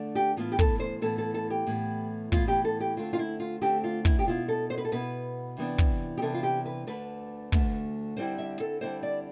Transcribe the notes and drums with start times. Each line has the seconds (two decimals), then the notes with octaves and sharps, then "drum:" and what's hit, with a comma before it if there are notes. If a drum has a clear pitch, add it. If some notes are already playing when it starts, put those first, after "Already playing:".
Already playing: D3 A3 D4
0.15 G4
0.37 A2 E3 B3 F4
0.52 G4
0.59 A4, drum: kick
0.80 C5
1.02 A2 E3 B3 A4
1.18 A4
1.34 A4
1.50 G4
1.67 A2 E3 B3
2.32 A2 E3 B3 F4, drum: kick
2.48 G4
2.65 A4
2.80 G4
2.97 D3 A3 C4 F4
3.13 F4
3.19 E4
3.40 F4
3.61 D3 A3 C4 G4
3.84 F4
4.05 E4, drum: kick
4.19 G4
4.26 B2 B3 E4 F4
4.48 A4
4.70 C5
4.78 B4
4.85 A4
4.91 B2 B3 E4 B4
5.57 C3 E3 B3 D4
5.78 drum: kick
6.18 G4
6.22 C3 E3 B3 D4 A4
6.34 F4
6.43 G4
6.66 B4
6.87 D2 D3 A3 B4
7.52 D2 D3 A3, drum: kick
8.17 D3 G3 C4 E4 C5
8.38 E5
8.60 A4
8.81 D3 G3 C4 E4 C5
9.03 D5